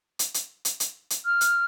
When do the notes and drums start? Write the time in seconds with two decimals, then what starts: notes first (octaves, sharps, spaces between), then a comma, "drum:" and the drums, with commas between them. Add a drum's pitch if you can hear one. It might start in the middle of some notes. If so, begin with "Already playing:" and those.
0.19 drum: hi-hat
0.34 drum: hi-hat
0.65 drum: hi-hat
0.80 drum: hi-hat
1.10 drum: hi-hat
1.26 F6
1.41 drum: hi-hat